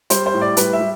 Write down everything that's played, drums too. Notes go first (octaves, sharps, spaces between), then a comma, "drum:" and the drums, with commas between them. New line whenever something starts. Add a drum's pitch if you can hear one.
G3 C5, drum: hi-hat
C5
A2
D5
G3 B4, drum: hi-hat
E5
G3